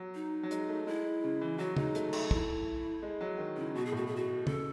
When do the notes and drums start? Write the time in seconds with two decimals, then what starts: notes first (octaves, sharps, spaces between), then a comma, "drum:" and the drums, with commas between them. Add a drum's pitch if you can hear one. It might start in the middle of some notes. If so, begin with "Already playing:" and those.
Already playing: F#3
0.15 D#4
0.43 F#3
0.51 G#3, drum: hi-hat
0.69 A3
0.87 G#3 E4
1.23 C#3
1.41 E3
1.58 F#3 F#4
1.77 G#3 D#4, drum: tom
1.95 A3, drum: hi-hat
2.13 A3, drum: cymbal
2.31 E4, drum: kick
3.03 G#3
3.21 F#3
3.38 D#3
3.57 C#3 E4
3.75 B2 F#4
3.85 G#4
3.92 A2 F#4
4.06 G#4
4.16 F#4
4.47 C#3 A4, drum: tom